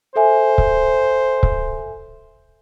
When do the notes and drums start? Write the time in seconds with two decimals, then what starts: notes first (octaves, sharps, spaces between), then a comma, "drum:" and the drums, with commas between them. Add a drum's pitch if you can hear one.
0.16 A4 C5 E5 G#5
0.58 drum: kick C#1
1.43 drum: kick C#1